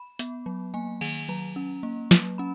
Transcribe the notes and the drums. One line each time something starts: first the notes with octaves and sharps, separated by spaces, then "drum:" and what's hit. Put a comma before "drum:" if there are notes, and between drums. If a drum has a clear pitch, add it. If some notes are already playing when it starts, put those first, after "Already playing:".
Already playing: B5
B3, drum: hi-hat
F#3
A#3 G#5
D#3 G#5, drum: cymbal
F#3 A#5
C#4
A#3
F#3, drum: snare
C#4 B5